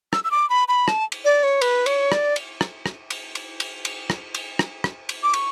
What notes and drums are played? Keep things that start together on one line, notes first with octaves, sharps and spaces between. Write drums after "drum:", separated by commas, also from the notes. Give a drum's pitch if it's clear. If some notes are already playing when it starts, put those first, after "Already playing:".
E6, drum: rim click
E6
D6
B5
B5
A5, drum: rim click
drum: cymbal
D5
C#5
B4, drum: cymbal
C#5, drum: cymbal
D5, drum: rim click
drum: cymbal
drum: rim click
drum: rim click
drum: cymbal
drum: cymbal
drum: cymbal
drum: cymbal
drum: rim click
drum: cymbal
drum: rim click
drum: rim click
drum: cymbal
D6
C#6, drum: cymbal